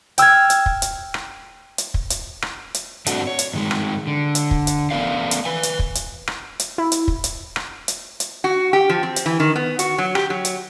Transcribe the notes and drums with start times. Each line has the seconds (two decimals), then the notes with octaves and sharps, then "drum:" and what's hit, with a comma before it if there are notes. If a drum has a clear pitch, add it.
0.18 G5 E6 F6 G#6, drum: hi-hat
0.50 drum: hi-hat
0.66 drum: kick
0.82 drum: hi-hat
1.14 drum: rim click
1.78 drum: hi-hat
1.94 drum: kick
2.10 drum: hi-hat
2.42 drum: rim click
2.74 drum: hi-hat
3.06 G2 A3 C4 D4 F#4, drum: hi-hat
3.27 C#5
3.39 drum: hi-hat
3.54 G2 D#3 G3 G#3
3.71 drum: rim click
4.07 D3
4.35 drum: hi-hat
4.51 drum: kick
4.67 drum: hi-hat
4.91 A3 B3 C#4 A#4 D5 F5
5.31 drum: hi-hat
5.45 B4 G#5
5.63 drum: hi-hat
5.79 drum: kick
5.95 drum: hi-hat
6.27 drum: rim click
6.60 drum: hi-hat
6.78 E4
6.92 drum: hi-hat
7.08 drum: kick
7.24 drum: hi-hat
7.56 drum: rim click
7.88 drum: hi-hat
8.20 drum: hi-hat
8.44 F#4
8.73 G4
8.90 F3
9.03 C4
9.16 drum: hi-hat
9.26 E3
9.40 D#3
9.56 B3
9.79 F#4, drum: hi-hat
9.98 F#3
10.15 G4, drum: rim click
10.30 F#3
10.45 drum: hi-hat